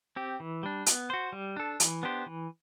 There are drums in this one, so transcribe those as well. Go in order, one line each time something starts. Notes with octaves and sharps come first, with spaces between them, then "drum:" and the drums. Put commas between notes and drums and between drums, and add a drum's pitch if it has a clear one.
C4 G4
E3
G3 D4
B3, drum: hi-hat
F#4 C5
G3
D4 A4
E3, drum: hi-hat
B3 D4 G4 C5
E3